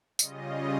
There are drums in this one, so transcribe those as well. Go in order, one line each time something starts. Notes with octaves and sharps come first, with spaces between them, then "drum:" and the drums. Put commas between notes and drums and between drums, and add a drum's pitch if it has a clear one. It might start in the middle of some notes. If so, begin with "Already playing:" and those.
C#3 G3 C#4 F4 D#5, drum: tambourine